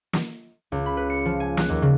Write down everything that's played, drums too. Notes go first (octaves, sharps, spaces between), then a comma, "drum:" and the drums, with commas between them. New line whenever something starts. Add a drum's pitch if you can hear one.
drum: snare
C#2
B5
B4
C#7
F3
G#5
F#6, drum: snare
D#2
C#3